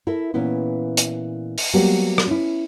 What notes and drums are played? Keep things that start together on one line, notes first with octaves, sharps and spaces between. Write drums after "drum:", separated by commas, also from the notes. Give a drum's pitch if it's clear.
E4 A4 A#4 E5
A#2 E3 B3 C#4 E4
drum: hi-hat
drum: open hi-hat
F#3 G3 A#3 B3 F#4 G4
drum: rim click
C#4 E4